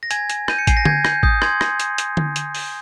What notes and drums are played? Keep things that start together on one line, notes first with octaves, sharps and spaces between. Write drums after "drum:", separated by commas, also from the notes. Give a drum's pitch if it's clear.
A#6
G#5 G#6, drum: hi-hat
G#5, drum: hi-hat
G6 D#7, drum: rim click
C#7
G#5 C7, drum: kick A1, hi-hat
A#6
G6 G#6, drum: tom D3
G6, drum: rim click
D#6 G6, drum: kick A1
C6 G#6, drum: rim click
drum: rim click
drum: hi-hat
drum: hi-hat
drum: tom D3
drum: hi-hat
drum: open hi-hat